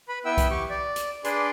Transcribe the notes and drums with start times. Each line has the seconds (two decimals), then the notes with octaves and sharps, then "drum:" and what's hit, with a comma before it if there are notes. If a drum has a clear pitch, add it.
0.08 B4 B5
0.25 B3 E4 B4 E5 G5 E6
0.38 drum: kick B1, hi-hat
0.50 G4 C#6
0.70 D5
0.96 drum: hi-hat
1.24 D4 G#4 B4 D5 C6, drum: hi-hat